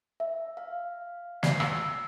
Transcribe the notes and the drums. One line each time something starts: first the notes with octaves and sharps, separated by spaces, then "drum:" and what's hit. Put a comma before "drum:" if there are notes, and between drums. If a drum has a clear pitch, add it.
E5
F5
C7, drum: snare
E6, drum: rim click